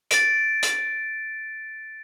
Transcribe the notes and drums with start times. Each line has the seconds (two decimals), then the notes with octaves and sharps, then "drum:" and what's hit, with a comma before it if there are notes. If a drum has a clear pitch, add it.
0.11 A6 D7, drum: hi-hat
0.63 drum: hi-hat